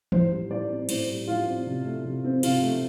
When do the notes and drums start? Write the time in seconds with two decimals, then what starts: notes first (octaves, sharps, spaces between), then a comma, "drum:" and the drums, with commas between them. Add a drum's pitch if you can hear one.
0.12 A2 C5, drum: tom E3
0.31 G3
0.50 A2 D5
0.70 C4
0.89 A2 C5, drum: cymbal
1.08 G3
1.28 A2 F4
1.47 C4
1.67 C3
1.86 A3
2.05 C3
2.24 C4
2.43 C3 F4, drum: cymbal
2.63 A3